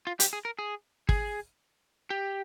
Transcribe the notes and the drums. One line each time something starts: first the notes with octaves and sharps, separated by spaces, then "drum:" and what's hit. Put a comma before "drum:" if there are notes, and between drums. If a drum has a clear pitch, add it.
F4
G4, drum: hi-hat
G#4
A#4
G#4
G#4, drum: kick
G4